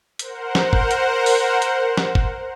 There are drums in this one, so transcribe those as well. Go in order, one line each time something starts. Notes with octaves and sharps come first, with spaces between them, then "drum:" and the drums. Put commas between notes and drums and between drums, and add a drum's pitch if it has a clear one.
A#4 C5 F#5, drum: hi-hat
drum: snare
drum: kick
drum: hi-hat
drum: open hi-hat
drum: hi-hat
drum: snare
drum: kick